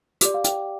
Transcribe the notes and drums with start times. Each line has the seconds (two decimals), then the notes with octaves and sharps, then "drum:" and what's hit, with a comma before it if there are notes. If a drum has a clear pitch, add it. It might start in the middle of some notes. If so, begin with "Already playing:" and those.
0.21 G4 D5 D6, drum: hi-hat
0.34 F5
0.44 G5, drum: hi-hat